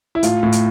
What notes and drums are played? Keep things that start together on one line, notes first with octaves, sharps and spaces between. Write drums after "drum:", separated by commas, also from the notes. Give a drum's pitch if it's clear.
E4
A2 F4, drum: hi-hat
A2
drum: hi-hat